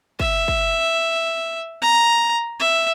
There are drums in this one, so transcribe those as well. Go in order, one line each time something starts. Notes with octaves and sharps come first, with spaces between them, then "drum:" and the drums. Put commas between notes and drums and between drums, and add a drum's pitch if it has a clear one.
E5, drum: kick
drum: kick
A#5
E5